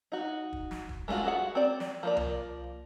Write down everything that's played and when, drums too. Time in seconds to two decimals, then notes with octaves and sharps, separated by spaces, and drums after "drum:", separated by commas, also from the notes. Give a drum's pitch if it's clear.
0.12 D#4 F#4
0.53 drum: kick
0.71 drum: snare
0.89 drum: kick
1.08 G#3 A3 C#4 F4 F#4
1.25 F#4 G#4 F#5
1.55 C4 D5
1.80 drum: snare
2.03 F3 A#3 D5
2.17 drum: tom C2